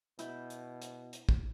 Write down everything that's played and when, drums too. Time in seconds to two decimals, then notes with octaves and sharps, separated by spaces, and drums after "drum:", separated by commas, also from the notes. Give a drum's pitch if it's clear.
0.19 B2 E4 G6, drum: hi-hat
0.50 drum: hi-hat
0.82 drum: hi-hat
1.13 drum: hi-hat
1.29 drum: kick